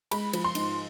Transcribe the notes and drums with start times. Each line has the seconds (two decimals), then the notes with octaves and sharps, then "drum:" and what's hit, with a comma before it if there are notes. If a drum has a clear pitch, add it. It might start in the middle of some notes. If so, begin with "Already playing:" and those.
0.11 G#3 B5, drum: cymbal
0.33 F3, drum: cymbal
0.44 C6
0.55 G#2, drum: cymbal